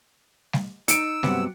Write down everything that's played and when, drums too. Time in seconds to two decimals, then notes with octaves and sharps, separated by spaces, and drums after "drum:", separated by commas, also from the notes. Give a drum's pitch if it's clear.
0.53 drum: snare G3
0.88 D#4 E6 C#7 D7, drum: hi-hat
1.23 G2 C3 F#3 B3 G4 F#5, drum: snare G3